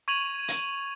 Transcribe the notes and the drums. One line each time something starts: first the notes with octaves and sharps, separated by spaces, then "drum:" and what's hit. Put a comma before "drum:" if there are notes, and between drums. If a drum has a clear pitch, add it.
C#6 G#6 D#7 F7 F#7
drum: hi-hat